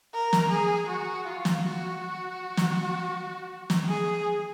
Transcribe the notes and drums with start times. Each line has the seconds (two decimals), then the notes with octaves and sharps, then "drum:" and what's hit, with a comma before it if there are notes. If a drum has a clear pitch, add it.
0.14 A#4
0.33 drum: snare
0.51 G#4
0.89 F#4
1.26 F4
1.45 drum: snare
1.64 F#4
2.01 F#4
2.57 drum: snare
3.70 drum: snare
3.89 G#4